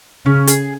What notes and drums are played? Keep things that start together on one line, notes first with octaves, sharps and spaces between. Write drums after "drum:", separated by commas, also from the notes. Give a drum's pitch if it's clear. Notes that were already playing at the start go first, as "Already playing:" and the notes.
C#3 C#4
G#4, drum: hi-hat